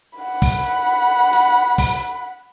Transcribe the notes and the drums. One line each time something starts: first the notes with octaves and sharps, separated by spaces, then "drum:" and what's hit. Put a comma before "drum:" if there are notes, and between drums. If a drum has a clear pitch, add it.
F#5 B5
drum: kick, open hi-hat
drum: hi-hat
drum: kick, open hi-hat